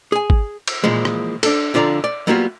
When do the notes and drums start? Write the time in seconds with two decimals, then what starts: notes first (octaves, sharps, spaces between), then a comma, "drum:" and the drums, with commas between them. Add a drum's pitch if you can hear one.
0.12 G#4 G#5
0.30 drum: kick
0.68 drum: cymbal
0.84 A#2 E3 F3 G#3
1.05 drum: rim click
1.43 D4 A4, drum: cymbal
1.74 F2 D3 F4 D5 A#5
2.04 D5
2.27 F#3 G3 A#3 B3 C#4 F4